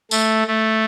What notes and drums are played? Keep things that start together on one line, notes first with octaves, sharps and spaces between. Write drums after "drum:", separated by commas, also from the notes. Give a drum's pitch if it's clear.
A3, drum: tambourine
A3